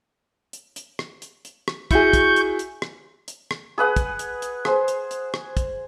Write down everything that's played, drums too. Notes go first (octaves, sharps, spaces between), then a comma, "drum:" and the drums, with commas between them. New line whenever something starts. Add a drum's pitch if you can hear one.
drum: hi-hat
drum: hi-hat
drum: rim click
drum: hi-hat
drum: hi-hat
drum: rim click
E4 F#4 G#4 C#6 G6, drum: kick, hi-hat
drum: kick, hi-hat
drum: hi-hat
drum: hi-hat
drum: rim click
drum: hi-hat
drum: rim click
G#4 B4 F#5 D#6
drum: kick, hi-hat
drum: hi-hat
drum: hi-hat
G#4 C5, drum: rim click
drum: hi-hat
drum: hi-hat
drum: rim click
drum: kick, hi-hat